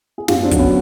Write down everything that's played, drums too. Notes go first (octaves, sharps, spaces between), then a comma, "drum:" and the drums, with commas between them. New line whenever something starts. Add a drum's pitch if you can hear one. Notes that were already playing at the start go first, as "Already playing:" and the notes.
G#4
F#2 F4 G4, drum: snare
C4 D4
D3 F#3, drum: kick, hi-hat
B3 C#4